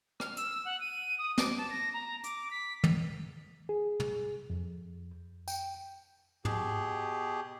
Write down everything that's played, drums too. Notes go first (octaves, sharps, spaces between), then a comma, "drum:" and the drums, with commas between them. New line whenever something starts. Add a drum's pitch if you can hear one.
F6, drum: rim click
E6, drum: hi-hat
F#5
D#7
D#6
D6, drum: snare
A5
A#6
A#5
D6, drum: hi-hat
B6
drum: tom
G#4
drum: tom
F2
G5, drum: tambourine
B2 G4 G#4, drum: tom